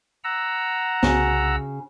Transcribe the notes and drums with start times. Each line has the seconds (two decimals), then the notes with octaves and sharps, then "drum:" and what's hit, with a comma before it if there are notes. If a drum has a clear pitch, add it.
0.24 F#5 A#5 E6
1.03 C2 C#3 F#4, drum: snare B3